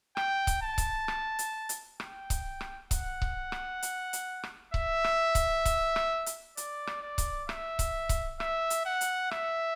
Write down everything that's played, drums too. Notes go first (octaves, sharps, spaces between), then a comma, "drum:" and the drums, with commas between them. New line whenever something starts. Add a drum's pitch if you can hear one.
G5, drum: rim click
drum: kick C#1, hi-hat
A5
drum: kick C#1, hi-hat
drum: rim click
drum: hi-hat
drum: hi-hat
G5, drum: rim click
drum: kick C#1, hi-hat
drum: rim click
F#5, drum: kick C#1, hi-hat
drum: kick C#1
drum: rim click
drum: hi-hat
drum: hi-hat
drum: rim click
E5, drum: kick C#1
drum: rim click
drum: kick C#1, hi-hat
drum: kick C#1, hi-hat
drum: rim click
drum: hi-hat
D5, drum: hi-hat
drum: rim click
D5
drum: kick C#1, hi-hat
E5, drum: rim click
drum: kick C#1, hi-hat
drum: kick C#1, hi-hat
E5, drum: rim click
drum: hi-hat
F#5
drum: hi-hat
E5, drum: rim click